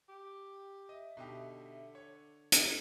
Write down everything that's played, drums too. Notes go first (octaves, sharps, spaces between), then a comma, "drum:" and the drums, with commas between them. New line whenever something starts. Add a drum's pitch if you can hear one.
G4
D#5 E5
B2 D3 D#4 G4
C#5
A4 E5, drum: hi-hat